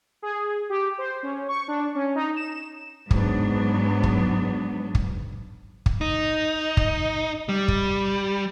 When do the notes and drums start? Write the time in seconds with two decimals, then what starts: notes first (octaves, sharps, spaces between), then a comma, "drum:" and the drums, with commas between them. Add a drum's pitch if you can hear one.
0.22 G#4
0.70 G4
0.98 C5
1.23 C#4
1.48 C#6
1.68 D4
1.95 C#4
2.15 D#4
2.36 E7
3.11 G#2 F#3 B3 D4, drum: kick
4.03 drum: kick
4.95 drum: kick
5.86 drum: kick
6.01 D#4
6.77 drum: kick
7.49 G3
7.68 drum: kick